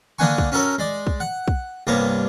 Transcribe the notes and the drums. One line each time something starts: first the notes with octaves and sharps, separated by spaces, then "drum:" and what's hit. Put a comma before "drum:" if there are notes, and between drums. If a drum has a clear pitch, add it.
D3 A#3 D4 F#5 G#5 C#6
drum: kick
C#4 F#4 A4 A#4 C#5
G#3 D5
drum: kick
F#5
drum: kick
C2 G2 A#3 B3 C#5